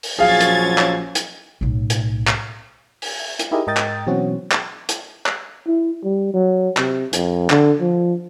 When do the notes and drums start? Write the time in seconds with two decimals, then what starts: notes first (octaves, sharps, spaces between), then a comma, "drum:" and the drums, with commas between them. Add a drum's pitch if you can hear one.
0.03 drum: open hi-hat
0.19 A#1 F3 F#3 C#4 G#4 F5 G#6 A6
0.41 drum: hi-hat
0.78 drum: clap
1.15 drum: hi-hat
1.61 B1 A2
1.90 drum: hi-hat
2.27 drum: clap
3.02 drum: open hi-hat
3.39 drum: hi-hat
3.51 D#4 E4 G4 G#4 A#4 D#5
3.67 G#2 A#4 D#5 G5 A6
3.77 drum: clap
4.07 B2 E3 F#3 C4 C#4 F#4
4.51 drum: clap
4.89 drum: hi-hat
5.26 drum: clap
5.67 E4
6.04 G3
6.34 F#3
6.77 C3, drum: clap
7.13 F2, drum: hi-hat
7.50 D3, drum: clap
7.81 F3